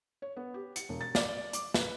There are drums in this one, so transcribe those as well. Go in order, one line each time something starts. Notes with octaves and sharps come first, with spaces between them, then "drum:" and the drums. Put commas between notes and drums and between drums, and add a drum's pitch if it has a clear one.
C#5
B3
G4
C#7, drum: hi-hat
E1
A6
D5, drum: snare
D6, drum: hi-hat
B4, drum: snare